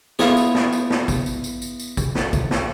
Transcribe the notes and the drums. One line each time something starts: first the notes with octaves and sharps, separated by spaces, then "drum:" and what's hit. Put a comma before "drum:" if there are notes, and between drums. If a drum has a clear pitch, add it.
B3 E4 F4 G#4, drum: snare
drum: tambourine
drum: snare
drum: tambourine
drum: snare
drum: kick G#1, tambourine
drum: tambourine
drum: tambourine
drum: tambourine
drum: tambourine
drum: kick G#1, tambourine
drum: snare
drum: kick G#1, tambourine
drum: snare